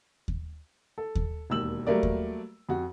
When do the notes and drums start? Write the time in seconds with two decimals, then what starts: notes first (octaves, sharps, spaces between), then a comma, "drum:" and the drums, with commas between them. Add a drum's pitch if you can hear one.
0.28 drum: kick D#2
0.98 A4
1.15 drum: kick D#2
1.50 E1 D#2 E6 F#7
1.87 F#3 G3 A3 A#3 A#4 D5
2.03 drum: kick D#2
2.69 F2 F#4